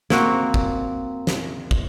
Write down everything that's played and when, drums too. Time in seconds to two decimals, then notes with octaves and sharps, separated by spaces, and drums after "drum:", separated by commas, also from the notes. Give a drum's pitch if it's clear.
0.10 A#3 C4 F#4, drum: snare
0.54 drum: kick
1.27 drum: snare
1.71 drum: kick